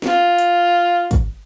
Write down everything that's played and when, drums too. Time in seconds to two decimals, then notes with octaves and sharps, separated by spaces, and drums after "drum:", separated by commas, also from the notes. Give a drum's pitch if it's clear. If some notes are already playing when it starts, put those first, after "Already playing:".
0.02 F4, drum: snare
0.38 drum: hi-hat
1.11 drum: kick, hi-hat